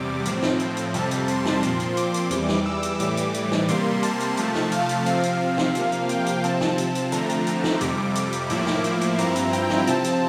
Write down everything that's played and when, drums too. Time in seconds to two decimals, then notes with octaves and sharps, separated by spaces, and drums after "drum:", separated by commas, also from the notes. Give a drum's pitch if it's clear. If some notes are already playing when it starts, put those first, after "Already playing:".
Already playing: E2 C3 G3 D6
0.25 A2 F3 C4, drum: hi-hat
0.42 drum: snare
0.60 drum: hi-hat
0.77 drum: hi-hat
0.94 F2 C3 G3 C4 A5, drum: hi-hat
1.11 drum: hi-hat
1.28 C6, drum: hi-hat
1.45 drum: snare
1.63 A#2 F3 C4, drum: hi-hat
1.80 drum: hi-hat
1.97 D6, drum: hi-hat
2.14 drum: hi-hat
2.31 E2 E3 G3, drum: hi-hat
2.48 drum: snare
2.66 E6
2.83 drum: hi-hat
3.00 A2 E3 G3 D6, drum: hi-hat
3.17 drum: hi-hat
3.34 drum: hi-hat
3.52 drum: snare
3.68 C3 G3 A#3 C6, drum: hi-hat
4.03 A5, drum: hi-hat
4.20 drum: hi-hat
4.37 C3 F3 A3, drum: hi-hat
4.55 drum: snare
4.72 F5, drum: hi-hat
4.89 drum: hi-hat
5.06 C3 F3 C4 F5, drum: hi-hat
5.23 drum: hi-hat
5.41 F5
5.58 drum: snare
5.75 C3 F3 A#3, drum: hi-hat
5.92 drum: hi-hat
6.09 G5, drum: hi-hat
6.26 drum: hi-hat
6.44 C3 F3 C4 A5, drum: hi-hat
6.61 drum: snare
6.78 drum: hi-hat
6.95 drum: hi-hat
7.12 D3 F3 A3 C4 A#5, drum: hi-hat
7.29 drum: hi-hat
7.47 drum: hi-hat
7.64 drum: snare
7.81 F2 C3 G3 D6, drum: hi-hat
8.15 drum: hi-hat
8.33 drum: hi-hat
8.50 A2 F3 A#3 E4 D6, drum: hi-hat
8.67 drum: snare
8.84 drum: hi-hat
9.01 drum: hi-hat
9.18 G2 F3 C4 E4 A#5, drum: hi-hat
9.36 drum: hi-hat
9.53 G5, drum: hi-hat
9.70 drum: snare
9.87 C3 F3 C4 A5, drum: hi-hat
10.04 drum: hi-hat